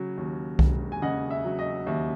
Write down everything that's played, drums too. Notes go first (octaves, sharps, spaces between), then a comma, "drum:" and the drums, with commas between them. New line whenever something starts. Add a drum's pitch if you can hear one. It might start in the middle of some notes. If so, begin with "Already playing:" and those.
Already playing: C#3 F#3
D#2
E1, drum: kick C2
G#5
C#3 D#5 F#5
E5
F#3
D#5
D#2 E5